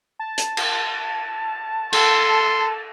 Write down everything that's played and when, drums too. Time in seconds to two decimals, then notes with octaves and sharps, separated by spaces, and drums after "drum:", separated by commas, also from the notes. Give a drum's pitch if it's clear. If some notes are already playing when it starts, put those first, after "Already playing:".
0.19 A5
0.38 drum: hi-hat
0.57 drum: cymbal
1.93 A4 C6, drum: cymbal